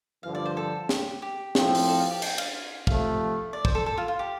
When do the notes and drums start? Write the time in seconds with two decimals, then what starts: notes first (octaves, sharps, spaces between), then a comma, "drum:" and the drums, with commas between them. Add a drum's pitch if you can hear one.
0.23 G2 D3 F3 F5
0.35 D5
0.46 C5
0.57 A4
0.89 G4, drum: snare
1.22 G4
1.55 A2 F3 C4, drum: snare
1.75 drum: open hi-hat
1.88 A4
1.99 F4
2.11 G4
2.22 G5, drum: cymbal
2.38 F5, drum: cymbal
2.87 C3 F3 A3 F5, drum: kick
3.53 D5
3.65 C5, drum: kick
3.75 A4
3.86 A4
3.98 F4
4.08 F4
4.19 G4